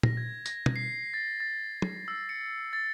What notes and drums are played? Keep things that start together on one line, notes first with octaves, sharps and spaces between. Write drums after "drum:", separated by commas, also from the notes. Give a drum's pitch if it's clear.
A#6, drum: tom A#2
G#6
A#6, drum: tambourine
drum: tom B2
C7
A6
A6
drum: tom
E6
C#7
A6